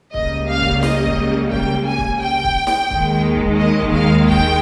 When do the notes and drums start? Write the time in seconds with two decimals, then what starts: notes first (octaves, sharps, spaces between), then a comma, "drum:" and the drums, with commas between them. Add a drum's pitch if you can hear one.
0.14 C#2 C#3 G3 A#3 D#5, drum: kick
0.48 F5
0.60 drum: kick
0.83 D#5, drum: snare
1.06 drum: kick
1.51 G5, drum: kick
1.87 G#5
1.98 drum: kick
2.21 G5
2.44 drum: kick
2.67 drum: snare
2.90 D#2 D#3 G#3, drum: kick
3.36 drum: kick
3.58 D#5
3.82 drum: kick
3.94 F5
4.28 G5, drum: kick